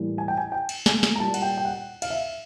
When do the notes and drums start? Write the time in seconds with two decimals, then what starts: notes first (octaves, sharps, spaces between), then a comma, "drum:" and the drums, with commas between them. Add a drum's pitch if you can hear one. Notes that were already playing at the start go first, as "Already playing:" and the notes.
Already playing: A2 E3 G3 A#3
0.18 G#5
0.28 G5
0.37 G#5
0.52 G5
0.69 drum: cymbal
0.86 G#5, drum: snare
1.03 drum: snare
1.16 A#5
1.20 A#2 G3 A#3 A5
1.34 F#5, drum: cymbal
1.42 G5
1.57 G5
1.65 F#5
2.02 F5, drum: cymbal
2.10 E5